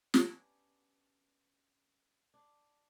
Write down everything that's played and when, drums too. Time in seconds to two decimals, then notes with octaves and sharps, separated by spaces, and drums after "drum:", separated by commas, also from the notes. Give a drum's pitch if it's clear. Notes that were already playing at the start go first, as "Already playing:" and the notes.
0.14 B3 C#4 D4 G4, drum: snare
2.34 D4